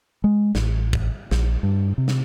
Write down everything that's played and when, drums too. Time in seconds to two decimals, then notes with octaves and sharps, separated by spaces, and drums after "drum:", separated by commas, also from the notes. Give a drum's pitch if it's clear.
0.24 G#3
0.55 A1, drum: snare
0.93 drum: kick
1.31 A#1, drum: snare
1.63 G2
1.98 C3
2.08 drum: snare